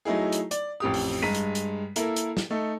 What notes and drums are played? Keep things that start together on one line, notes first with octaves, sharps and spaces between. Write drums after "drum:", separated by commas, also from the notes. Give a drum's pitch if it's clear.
F#3 A3 D#4 E4 G#4
drum: hi-hat
D5, drum: hi-hat
A1 F2 G4 D#6
drum: open hi-hat
G2 G#3 A#5 B6 D#7
drum: hi-hat
drum: hi-hat
A#3 E4 A4 A#4, drum: hi-hat
drum: hi-hat
drum: snare
A3 D#4 A4